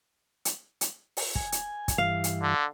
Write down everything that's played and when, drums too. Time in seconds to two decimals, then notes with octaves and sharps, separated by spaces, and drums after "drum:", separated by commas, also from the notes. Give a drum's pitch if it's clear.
0.45 drum: hi-hat
0.81 drum: hi-hat
1.17 drum: open hi-hat
1.35 G#5, drum: kick
1.52 drum: hi-hat
1.88 drum: kick, hi-hat
1.98 G2 E3 F5
2.24 drum: hi-hat
2.42 D3